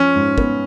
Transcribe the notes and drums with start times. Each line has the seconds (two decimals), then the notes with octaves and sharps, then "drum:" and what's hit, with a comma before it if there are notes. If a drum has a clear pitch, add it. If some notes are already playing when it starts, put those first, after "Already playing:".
Already playing: F3 C#4 F4
0.16 G#2
0.38 B3, drum: kick